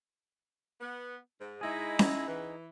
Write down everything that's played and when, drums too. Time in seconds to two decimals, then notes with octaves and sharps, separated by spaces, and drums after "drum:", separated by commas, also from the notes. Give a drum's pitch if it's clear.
0.80 B3
1.39 G#2
1.61 G#3 D#4 E4 G#4
1.99 drum: snare C#4
2.27 E3